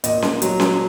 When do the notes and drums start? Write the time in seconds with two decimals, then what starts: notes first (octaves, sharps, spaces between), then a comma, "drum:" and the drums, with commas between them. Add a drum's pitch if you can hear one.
0.04 A#2 D#5, drum: hi-hat
0.22 drum: snare C#4
0.42 F#3, drum: hi-hat
0.60 drum: snare C#4